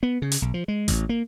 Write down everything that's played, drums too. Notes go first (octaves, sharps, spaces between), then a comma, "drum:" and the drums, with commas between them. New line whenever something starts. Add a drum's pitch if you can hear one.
B3
C#3
drum: hi-hat
B1
F3
G#3
A1, drum: kick A1, hi-hat
A#3